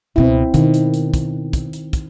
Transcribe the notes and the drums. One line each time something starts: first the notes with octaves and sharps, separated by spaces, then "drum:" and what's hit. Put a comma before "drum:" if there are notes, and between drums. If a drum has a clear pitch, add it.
C#2 B2 C4 E4
B2 D#3, drum: hi-hat
drum: hi-hat
drum: hi-hat
drum: kick, hi-hat
drum: kick, hi-hat
drum: hi-hat
drum: kick, hi-hat